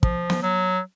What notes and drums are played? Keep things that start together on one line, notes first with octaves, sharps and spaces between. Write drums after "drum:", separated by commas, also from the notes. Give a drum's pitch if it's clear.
F3, drum: kick
drum: snare
F#3